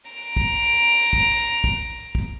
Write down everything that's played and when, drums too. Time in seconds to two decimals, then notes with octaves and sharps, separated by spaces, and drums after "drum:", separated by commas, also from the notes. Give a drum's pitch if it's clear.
0.11 A#5 D7
0.37 drum: kick
1.13 drum: kick
1.64 drum: kick
2.15 drum: kick